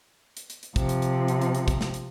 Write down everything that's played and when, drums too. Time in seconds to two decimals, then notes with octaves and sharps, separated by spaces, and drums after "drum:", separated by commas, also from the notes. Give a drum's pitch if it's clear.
0.37 drum: hi-hat
0.50 drum: hi-hat
0.63 drum: hi-hat
0.76 C3 F3, drum: kick, hi-hat
0.89 drum: hi-hat
1.02 drum: hi-hat
1.28 drum: hi-hat
1.41 drum: hi-hat
1.55 drum: hi-hat
1.68 drum: kick, hi-hat
1.81 drum: snare
1.94 drum: hi-hat